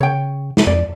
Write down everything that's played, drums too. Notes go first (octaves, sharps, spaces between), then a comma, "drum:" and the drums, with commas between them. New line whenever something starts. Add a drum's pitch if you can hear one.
C#3 C#5 G5
drum: snare
F2 D5